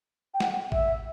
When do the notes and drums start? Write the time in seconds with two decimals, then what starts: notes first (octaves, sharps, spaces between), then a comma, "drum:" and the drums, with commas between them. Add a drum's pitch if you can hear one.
0.34 G5
0.40 F#5, drum: snare
0.72 E5, drum: kick A1